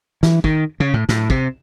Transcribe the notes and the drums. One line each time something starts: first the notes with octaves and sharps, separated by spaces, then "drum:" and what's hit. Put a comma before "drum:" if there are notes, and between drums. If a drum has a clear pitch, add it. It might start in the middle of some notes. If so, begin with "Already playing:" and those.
E3, drum: snare
D#3, drum: kick
C#3
A2
A2, drum: snare
C3, drum: kick